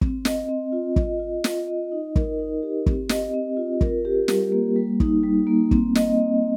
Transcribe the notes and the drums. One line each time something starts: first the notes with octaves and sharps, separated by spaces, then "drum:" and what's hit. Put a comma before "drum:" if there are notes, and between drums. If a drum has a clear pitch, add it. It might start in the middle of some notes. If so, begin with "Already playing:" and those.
C4, drum: kick
D#5, drum: snare
C4
F4
D#5, drum: kick
F4
F4, drum: snare
D#5
D#4
A#4, drum: kick
D#4
G4
C4, drum: kick
D#5, drum: snare
C4
F4
A#4, drum: kick
G4
G3, drum: snare
A#3
G3
D#4, drum: kick
G3
A#3
C4, drum: kick
D#5, drum: snare
C4